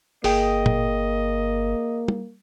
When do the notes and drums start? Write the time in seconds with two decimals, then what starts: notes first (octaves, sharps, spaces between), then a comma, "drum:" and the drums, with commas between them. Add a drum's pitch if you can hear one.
0.24 G1 A#3 G#4 D#5 G5, drum: open hi-hat
0.66 drum: tom
2.08 drum: tom